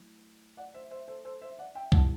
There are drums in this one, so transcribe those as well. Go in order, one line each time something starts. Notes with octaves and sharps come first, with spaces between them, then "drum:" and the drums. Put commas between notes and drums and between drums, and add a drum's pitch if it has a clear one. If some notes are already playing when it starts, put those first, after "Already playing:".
Already playing: F#3 A3 E4
D5 F#5
C5 E5
C5 E5
A4 C5
A4 C5
C5 E5
D5 F#5
E5 G5
B2 G3 C4 E4 F#5 A5, drum: kick C2